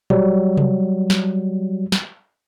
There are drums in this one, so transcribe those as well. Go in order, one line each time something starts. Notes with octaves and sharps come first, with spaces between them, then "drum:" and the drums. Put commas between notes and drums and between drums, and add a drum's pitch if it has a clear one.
F#3 G3, drum: tom A#2
drum: tom C3
drum: snare
drum: snare